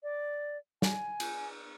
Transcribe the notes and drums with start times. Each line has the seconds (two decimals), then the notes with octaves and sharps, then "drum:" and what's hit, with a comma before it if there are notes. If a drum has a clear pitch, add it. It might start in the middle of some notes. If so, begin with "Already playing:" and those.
0.03 D5
0.82 G#5, drum: snare
1.20 drum: cymbal